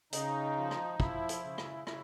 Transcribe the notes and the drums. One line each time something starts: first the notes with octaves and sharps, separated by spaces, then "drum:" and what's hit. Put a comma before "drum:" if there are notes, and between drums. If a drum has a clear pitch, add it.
C#3 D#4, drum: hi-hat
F3
drum: rim click
F3 E4, drum: kick
drum: hi-hat
C#3
drum: rim click
C#3 E4, drum: rim click